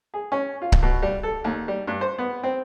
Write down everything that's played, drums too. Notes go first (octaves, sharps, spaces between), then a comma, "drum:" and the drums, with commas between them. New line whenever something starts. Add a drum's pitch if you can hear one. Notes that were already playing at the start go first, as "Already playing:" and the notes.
G#4
C#4
F4
drum: kick C#1
B2
G3
A4
D#2
G3
G2
C5
B3
C4